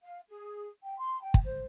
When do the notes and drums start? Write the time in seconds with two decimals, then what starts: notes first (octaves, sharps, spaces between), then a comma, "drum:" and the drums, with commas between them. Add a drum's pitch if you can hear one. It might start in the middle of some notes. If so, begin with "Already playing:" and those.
0.02 F5
0.28 G#4
0.83 G5
0.99 C6
1.21 G5
1.34 drum: kick
1.45 C5